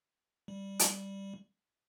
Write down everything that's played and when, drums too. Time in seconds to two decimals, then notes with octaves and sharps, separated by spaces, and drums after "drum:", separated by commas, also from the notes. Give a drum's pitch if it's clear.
0.48 G3
0.79 drum: hi-hat